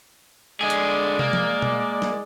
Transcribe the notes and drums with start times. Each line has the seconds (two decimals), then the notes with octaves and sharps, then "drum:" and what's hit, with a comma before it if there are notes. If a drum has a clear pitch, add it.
0.61 D3 G#3 G#4 D5
0.70 drum: hi-hat
1.19 A#3, drum: tom
1.33 drum: tom F3
1.62 drum: tom B2
2.02 drum: snare